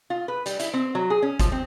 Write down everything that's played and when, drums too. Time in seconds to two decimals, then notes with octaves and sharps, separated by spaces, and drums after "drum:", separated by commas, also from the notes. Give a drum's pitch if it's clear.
0.10 F4
0.28 B4
0.46 G3, drum: hi-hat
0.60 E4, drum: hi-hat
0.74 C4
0.95 F#3
1.10 G#4
1.22 C#4
1.40 F3, drum: kick G1, hi-hat
1.52 C4